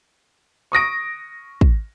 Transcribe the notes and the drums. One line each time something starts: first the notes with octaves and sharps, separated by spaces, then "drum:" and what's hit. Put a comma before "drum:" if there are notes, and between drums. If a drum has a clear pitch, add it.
C#6 D#6 A#6 D7
drum: kick